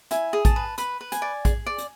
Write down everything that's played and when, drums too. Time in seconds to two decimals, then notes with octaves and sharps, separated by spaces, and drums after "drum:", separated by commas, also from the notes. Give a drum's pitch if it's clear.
0.11 E4 G#5, drum: hi-hat
0.33 G#4
0.45 A5, drum: kick A1, hi-hat
0.56 B4
0.78 B4 B5, drum: hi-hat
1.01 B4
1.12 G#5, drum: hi-hat
1.22 D5
1.45 G#4, drum: kick A1, hi-hat
1.66 D5
1.78 drum: hi-hat